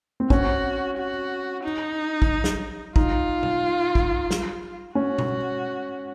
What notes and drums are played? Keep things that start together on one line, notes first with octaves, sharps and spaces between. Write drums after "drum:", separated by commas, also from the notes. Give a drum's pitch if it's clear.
C4
C#4 F#4, drum: kick
F#4
D#4
drum: kick
drum: snare
D#4 F4, drum: kick
drum: tom
drum: kick
drum: snare
C#4 F#4
drum: tom B2